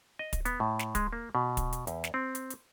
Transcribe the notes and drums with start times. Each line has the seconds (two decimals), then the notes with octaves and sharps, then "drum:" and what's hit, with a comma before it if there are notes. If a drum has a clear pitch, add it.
0.19 D#5
0.33 drum: kick, hi-hat
0.45 B3, drum: hi-hat
0.60 A2
0.79 drum: snare
0.95 G#3, drum: kick, hi-hat
1.13 A#3
1.35 B2
1.57 drum: kick, hi-hat
1.73 drum: hi-hat
1.87 E2, drum: hi-hat
2.04 drum: snare
2.14 C4
2.35 drum: hi-hat
2.50 drum: hi-hat